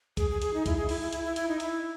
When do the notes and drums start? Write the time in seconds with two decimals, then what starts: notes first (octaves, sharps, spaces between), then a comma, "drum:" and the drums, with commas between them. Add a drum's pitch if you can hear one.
0.17 G#4, drum: kick C#2, hi-hat
0.30 G#4
0.42 G#4, drum: hi-hat
0.54 D#4
0.66 E4, drum: kick C#2, hi-hat
0.77 G#4
0.89 E4, drum: open hi-hat
1.01 E4
1.13 E4, drum: hi-hat
1.24 E4
1.36 E4, drum: hi-hat
1.48 D#4
1.60 E4, drum: hi-hat